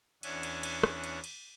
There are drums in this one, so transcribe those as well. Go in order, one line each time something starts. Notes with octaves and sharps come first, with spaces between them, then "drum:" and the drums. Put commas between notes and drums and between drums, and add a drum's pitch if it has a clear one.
E2 C#4 D4 C#5 E5 F#5, drum: cymbal
drum: cymbal
drum: cymbal
drum: rim click
drum: cymbal
drum: cymbal